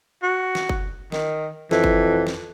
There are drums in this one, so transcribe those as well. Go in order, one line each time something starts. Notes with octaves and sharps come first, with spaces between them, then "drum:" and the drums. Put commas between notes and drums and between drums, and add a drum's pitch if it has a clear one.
F#4
drum: snare
drum: kick F#1
D#3, drum: snare
F2 E3, drum: snare
drum: kick F#1
drum: snare